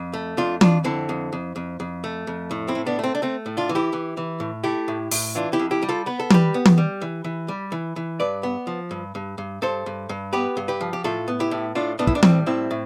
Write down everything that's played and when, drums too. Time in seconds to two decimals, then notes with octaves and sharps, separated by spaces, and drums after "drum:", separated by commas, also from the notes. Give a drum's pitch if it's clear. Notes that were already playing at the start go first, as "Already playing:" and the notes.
Already playing: F2
0.13 A3
0.37 F2 D4 F4
0.61 F2 D4 F4, drum: tom E3
0.84 D3 C4 E4
1.09 F2
1.33 F2
1.56 F2
1.80 F2
2.04 A3
2.27 F2
2.51 A2
2.68 C4 E4
2.75 A2
2.86 B3 D4
2.99 A3 C4
3.15 D4
3.22 A3 C4
3.46 A2
3.57 D4 F4
3.69 E3
3.75 E4 G4
3.93 E3
4.17 E3
4.40 A2
4.64 A3 E4 G4
4.88 A2
5.11 A2, drum: open hi-hat
5.35 E3 D4 F4
5.53 E4 G4
5.59 F2
5.71 E4 G4
5.82 G3
5.89 F4 A4
6.06 B3 B4
6.20 A4
6.30 G3 G4 B4, drum: tom E3
6.54 B3
6.65 drum: tom E3
6.78 G3
7.02 E3
7.24 E3
7.48 G3
7.72 E3
7.96 E3
8.20 G2 B4 D5
8.43 B3
8.67 F3
8.91 G2
9.15 G2
9.38 G2
9.62 G2 A4 C5
9.86 G2
10.09 G2
10.33 B3 G4 B4
10.57 G2
10.68 G4 B4
10.81 F3
10.93 G4
11.04 A2 F4 A4
11.28 B3
11.40 E4 G4
11.51 A2
11.75 A2 D4 F4
11.99 A2 B3 D4
12.07 E4, drum: kick
12.15 D4
12.23 G3 C4, drum: tom E3
12.46 A2 C4 E4
12.71 A2